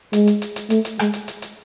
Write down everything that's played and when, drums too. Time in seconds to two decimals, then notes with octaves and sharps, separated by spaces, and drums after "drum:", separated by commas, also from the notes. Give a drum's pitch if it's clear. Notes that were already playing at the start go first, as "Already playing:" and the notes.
0.13 G#3, drum: hi-hat
0.27 drum: hi-hat
0.42 drum: hi-hat
0.56 drum: hi-hat
0.70 A3, drum: hi-hat
0.85 drum: hi-hat
0.99 G#3, drum: rim click
1.13 drum: hi-hat
1.28 drum: hi-hat
1.42 drum: hi-hat